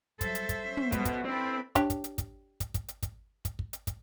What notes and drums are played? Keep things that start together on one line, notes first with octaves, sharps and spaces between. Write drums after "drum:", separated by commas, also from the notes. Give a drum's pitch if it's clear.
F#3 G3 A4 C5 E5, drum: kick, hi-hat
drum: hi-hat
drum: kick, hi-hat
C#4
drum: tom
B2 F#3 A4, drum: kick, hi-hat
drum: kick, hi-hat
C4 D4 E4 A4 B4
D4 G4 C#5, drum: kick, hi-hat
drum: kick, hi-hat
drum: hi-hat
drum: kick, hi-hat
drum: kick, hi-hat
drum: kick, hi-hat
drum: hi-hat
drum: kick, hi-hat
drum: kick, hi-hat
drum: kick
drum: hi-hat
drum: kick, hi-hat